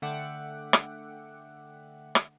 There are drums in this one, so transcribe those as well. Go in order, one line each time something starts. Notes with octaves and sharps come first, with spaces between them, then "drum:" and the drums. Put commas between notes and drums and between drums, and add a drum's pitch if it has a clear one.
D3 A3 E5 F#5 G5 D6
drum: rim click
drum: rim click